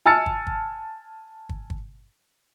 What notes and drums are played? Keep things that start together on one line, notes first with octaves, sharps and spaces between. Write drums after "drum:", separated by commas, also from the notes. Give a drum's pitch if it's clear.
G#5 A5 E6 F6 A6 C#7
drum: kick
drum: kick
drum: kick
drum: kick